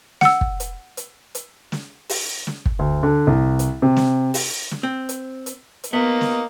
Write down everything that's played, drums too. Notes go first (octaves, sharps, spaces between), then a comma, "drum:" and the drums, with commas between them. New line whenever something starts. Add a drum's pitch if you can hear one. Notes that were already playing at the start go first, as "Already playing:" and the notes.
F#5 E6, drum: snare
drum: kick
drum: hi-hat
drum: hi-hat
drum: hi-hat
drum: snare
drum: open hi-hat
drum: snare
drum: kick
D2
D3
C2
drum: hi-hat
C3
drum: snare
drum: open hi-hat
drum: snare
C4
drum: hi-hat
drum: hi-hat
drum: hi-hat
A#3 B3 D#5
drum: snare